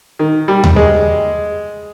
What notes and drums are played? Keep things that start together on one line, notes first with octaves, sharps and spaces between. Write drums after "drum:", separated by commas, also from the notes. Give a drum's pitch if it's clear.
D#3
G3
drum: tom D#2
G#3